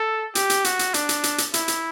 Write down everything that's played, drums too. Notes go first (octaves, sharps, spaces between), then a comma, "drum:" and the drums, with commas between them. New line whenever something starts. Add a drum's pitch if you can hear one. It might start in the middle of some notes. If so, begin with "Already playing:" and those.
Already playing: A4
G4, drum: hi-hat
drum: hi-hat
F#4, drum: hi-hat
drum: hi-hat
D4, drum: hi-hat
drum: hi-hat
drum: hi-hat
drum: hi-hat
E4, drum: hi-hat
drum: hi-hat